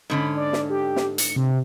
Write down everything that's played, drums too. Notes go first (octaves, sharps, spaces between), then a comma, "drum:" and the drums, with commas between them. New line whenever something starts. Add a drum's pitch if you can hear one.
G#2 D3 C#4 B5
D5
drum: snare
G4
drum: snare
C#7, drum: hi-hat
C3